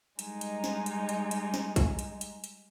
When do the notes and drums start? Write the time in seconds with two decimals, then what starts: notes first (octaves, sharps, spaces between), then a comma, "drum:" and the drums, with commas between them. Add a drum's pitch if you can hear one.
0.19 G3 G#3 D#4, drum: hi-hat
0.41 drum: hi-hat
0.64 drum: snare
0.86 drum: hi-hat
1.09 drum: hi-hat
1.31 drum: hi-hat
1.54 drum: snare
1.76 drum: kick A#1, hi-hat
1.99 drum: hi-hat
2.21 drum: hi-hat
2.44 drum: hi-hat